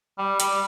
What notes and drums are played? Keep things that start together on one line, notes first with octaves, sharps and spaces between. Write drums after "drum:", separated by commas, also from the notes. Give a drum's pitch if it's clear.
G3
G3, drum: hi-hat